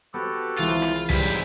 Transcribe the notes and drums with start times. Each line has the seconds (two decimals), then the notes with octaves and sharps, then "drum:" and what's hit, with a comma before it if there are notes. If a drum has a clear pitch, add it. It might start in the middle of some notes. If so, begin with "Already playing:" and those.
0.14 B3 F#4 G4 A4
0.58 C2 E3 G#3 E4 F4
0.68 drum: hi-hat
0.82 drum: rim click
0.96 drum: hi-hat
1.10 B1 G#2 G3 B4 G5 G6, drum: kick, hi-hat
1.23 drum: hi-hat